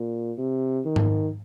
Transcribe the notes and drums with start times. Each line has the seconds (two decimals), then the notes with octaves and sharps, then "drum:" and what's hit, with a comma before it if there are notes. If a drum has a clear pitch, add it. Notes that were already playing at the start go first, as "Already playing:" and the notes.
Already playing: A#2
0.38 C3
0.85 D#3
0.96 drum: tom G#2